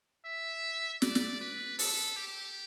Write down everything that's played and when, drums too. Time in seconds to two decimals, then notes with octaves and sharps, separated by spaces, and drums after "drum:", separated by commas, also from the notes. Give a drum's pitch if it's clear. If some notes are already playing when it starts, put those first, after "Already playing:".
0.25 E5
1.02 D5, drum: snare
1.15 drum: snare
1.41 B4
1.79 A4, drum: open hi-hat
2.17 G4